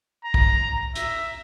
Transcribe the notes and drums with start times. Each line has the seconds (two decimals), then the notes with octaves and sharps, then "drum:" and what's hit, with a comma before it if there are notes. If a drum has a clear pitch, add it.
0.25 A#5
0.34 drum: kick
0.95 E5, drum: hi-hat